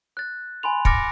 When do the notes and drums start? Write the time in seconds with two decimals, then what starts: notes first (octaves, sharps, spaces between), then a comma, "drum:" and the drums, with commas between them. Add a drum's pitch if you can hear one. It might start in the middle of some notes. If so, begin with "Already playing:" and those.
0.17 F#6 A6
0.63 G#5 B5 C6 F7
0.85 D6 F6 A6 A#6 C#7 D7, drum: kick